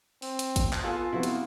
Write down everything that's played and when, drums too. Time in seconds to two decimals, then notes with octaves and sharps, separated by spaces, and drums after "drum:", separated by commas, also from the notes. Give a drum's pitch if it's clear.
0.22 C4, drum: open hi-hat
0.39 drum: hi-hat
0.56 drum: kick, hi-hat
0.73 drum: clap
0.83 B3 F4 A4 G#5
1.12 C3 F3 B3 E4 F#4
1.23 drum: hi-hat